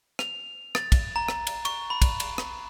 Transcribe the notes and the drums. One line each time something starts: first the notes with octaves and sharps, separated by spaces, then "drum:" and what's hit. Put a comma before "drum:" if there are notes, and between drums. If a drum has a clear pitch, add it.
F7, drum: rim click
A6, drum: rim click
drum: kick, cymbal
A#5
drum: rim click
drum: cymbal
C#6, drum: cymbal
B5
drum: kick, cymbal
drum: cymbal
drum: rim click